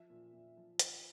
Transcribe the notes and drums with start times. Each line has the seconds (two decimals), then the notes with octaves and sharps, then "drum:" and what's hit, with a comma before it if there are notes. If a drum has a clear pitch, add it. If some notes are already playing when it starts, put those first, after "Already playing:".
Already playing: F3 E5
0.10 A#2
0.34 A#2
0.57 F3
0.79 F3, drum: hi-hat